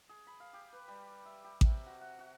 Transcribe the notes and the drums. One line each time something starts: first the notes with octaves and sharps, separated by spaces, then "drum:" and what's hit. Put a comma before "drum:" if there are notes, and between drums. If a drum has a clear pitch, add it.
G#4
B5
F5
G4
B4
G3
E5
G4
C3, drum: kick A1
F#4
F#5
F#4